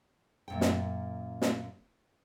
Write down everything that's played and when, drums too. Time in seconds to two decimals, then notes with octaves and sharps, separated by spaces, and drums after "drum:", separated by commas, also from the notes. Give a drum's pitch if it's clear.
0.48 F#2 A#2 G5
0.61 drum: snare
1.42 drum: snare